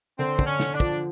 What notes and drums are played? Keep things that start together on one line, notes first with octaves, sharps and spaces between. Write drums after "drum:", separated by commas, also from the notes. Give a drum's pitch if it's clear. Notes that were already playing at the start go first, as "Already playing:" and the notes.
D3 C4
D3, drum: kick
C#4
D3, drum: snare
D4
F3, drum: kick